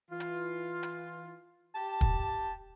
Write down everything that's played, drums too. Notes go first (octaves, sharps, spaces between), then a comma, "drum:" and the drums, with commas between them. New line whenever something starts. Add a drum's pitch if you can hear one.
E3 F4
drum: hi-hat
drum: hi-hat
G4 A5
drum: kick